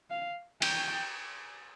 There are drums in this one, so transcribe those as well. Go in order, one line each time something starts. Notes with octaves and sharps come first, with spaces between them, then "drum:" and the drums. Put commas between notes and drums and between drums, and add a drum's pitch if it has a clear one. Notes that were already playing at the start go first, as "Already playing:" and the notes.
F5
G5, drum: cymbal